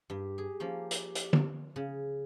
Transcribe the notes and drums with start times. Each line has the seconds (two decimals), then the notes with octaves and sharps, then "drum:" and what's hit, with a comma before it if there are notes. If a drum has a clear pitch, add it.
0.10 G2 G4
0.38 G#4
0.60 F3 A#3 C#4
0.91 drum: hi-hat
1.15 drum: hi-hat
1.33 drum: tom
1.76 C#3